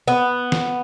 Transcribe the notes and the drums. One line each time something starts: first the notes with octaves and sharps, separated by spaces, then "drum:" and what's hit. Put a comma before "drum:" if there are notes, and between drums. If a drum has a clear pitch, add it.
B3
drum: snare